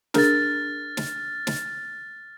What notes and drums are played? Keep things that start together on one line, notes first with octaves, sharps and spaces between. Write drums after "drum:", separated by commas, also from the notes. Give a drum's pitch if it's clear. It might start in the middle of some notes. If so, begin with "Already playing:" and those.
D4 G#4 A#4 F6 A6, drum: snare
drum: snare
drum: snare